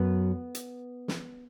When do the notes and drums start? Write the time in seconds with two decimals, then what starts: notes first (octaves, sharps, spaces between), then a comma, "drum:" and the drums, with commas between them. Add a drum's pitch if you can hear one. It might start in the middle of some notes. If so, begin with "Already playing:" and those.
Already playing: F#2 F#3 B3 B4
0.55 drum: hi-hat
1.08 drum: snare